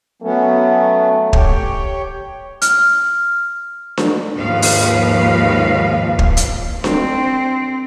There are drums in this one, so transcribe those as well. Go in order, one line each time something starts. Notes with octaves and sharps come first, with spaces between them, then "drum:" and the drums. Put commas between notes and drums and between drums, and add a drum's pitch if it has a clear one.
F#3 A3 B3 C#4
G4 C#5 G5, drum: kick
F6, drum: hi-hat
drum: snare D4
D#2 G#2 F3 B4 F5
drum: open hi-hat
drum: kick
drum: hi-hat
C4, drum: snare D4